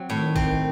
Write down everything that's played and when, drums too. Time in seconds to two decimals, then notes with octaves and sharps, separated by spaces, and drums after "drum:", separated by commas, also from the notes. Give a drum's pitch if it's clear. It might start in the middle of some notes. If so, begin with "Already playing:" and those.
Already playing: F#3 C4
0.10 A2 D#3
0.36 C4, drum: kick G1